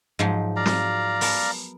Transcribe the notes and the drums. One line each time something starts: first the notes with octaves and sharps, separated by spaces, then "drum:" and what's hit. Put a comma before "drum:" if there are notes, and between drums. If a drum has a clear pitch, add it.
G#2 F3 F#3
D5 F5 A#5
drum: snare
B3 A#4 A5, drum: open hi-hat